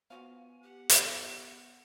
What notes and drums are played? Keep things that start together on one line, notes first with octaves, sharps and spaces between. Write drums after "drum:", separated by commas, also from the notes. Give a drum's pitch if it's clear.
F3 B3 F#4 F5 G#5
G4 F#5
drum: hi-hat